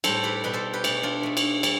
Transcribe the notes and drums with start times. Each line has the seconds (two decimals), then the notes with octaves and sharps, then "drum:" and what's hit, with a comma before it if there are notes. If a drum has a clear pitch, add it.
0.04 A2 G3 A4 C5, drum: cymbal
0.24 G4 B4
0.44 B2 G3 G4 B4
0.53 A4 C5
0.73 G4 B4
0.84 B2 A3, drum: cymbal
1.03 D4 F4
1.23 B2 A3
1.37 drum: cymbal
1.63 G3, drum: cymbal